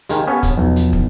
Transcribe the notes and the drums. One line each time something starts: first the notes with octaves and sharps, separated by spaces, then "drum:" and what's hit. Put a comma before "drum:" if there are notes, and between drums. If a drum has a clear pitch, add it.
D#3 G#3 G4 F5 G#5, drum: hi-hat
B3 C#4 A4
drum: kick, hi-hat
B1 E2 F3
drum: hi-hat
drum: kick